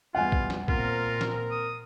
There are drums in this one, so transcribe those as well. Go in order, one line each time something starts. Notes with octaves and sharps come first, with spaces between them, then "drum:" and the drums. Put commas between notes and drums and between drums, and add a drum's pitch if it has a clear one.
E2 G3 B3 F4 F#5 G#5
drum: kick
drum: snare
A#2 C4 F4 A#4, drum: kick
drum: snare
D#6